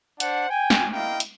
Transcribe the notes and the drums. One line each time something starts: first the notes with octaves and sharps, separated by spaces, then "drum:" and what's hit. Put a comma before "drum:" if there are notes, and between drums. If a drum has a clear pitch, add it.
D4 C5 F#5, drum: hi-hat
G5 G#5
drum: snare
A#3 E4 D#5 F5 G5
drum: hi-hat